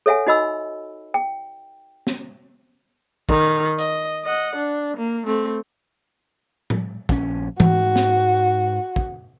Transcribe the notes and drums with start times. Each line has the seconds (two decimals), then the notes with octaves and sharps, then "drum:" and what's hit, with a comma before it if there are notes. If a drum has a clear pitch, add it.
0.06 A4 C#5 E5 F#5 G#5
0.27 D#4 F#4 D#5 B5 E6
1.14 G5
2.07 drum: snare
3.29 D#3, drum: kick
3.79 D#5, drum: hi-hat
4.25 D#5 F#5
4.56 D4
4.97 A#3
5.26 A3 C4
6.70 drum: tom A2
7.09 A#1 C#4, drum: kick
7.60 G#2 F#4, drum: tom E3
7.96 drum: snare
8.96 drum: kick